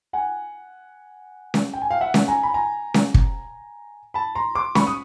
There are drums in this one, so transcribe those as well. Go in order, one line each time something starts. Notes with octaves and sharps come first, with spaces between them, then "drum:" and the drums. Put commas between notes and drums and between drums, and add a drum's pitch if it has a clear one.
F#5 G#5
drum: snare C#4
G5
G#5
F5 G5
E5 F#5
drum: snare C#4
G#5 A#5
B5
G#5 A#5
drum: snare C#4
drum: kick
A5 B5
A#5 C6
C6 D6
B5 C#6, drum: snare C#4
D#6